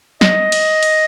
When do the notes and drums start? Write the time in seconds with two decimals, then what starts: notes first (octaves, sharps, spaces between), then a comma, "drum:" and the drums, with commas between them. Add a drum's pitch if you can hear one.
0.21 D#5, drum: snare
0.52 drum: cymbal
0.83 drum: cymbal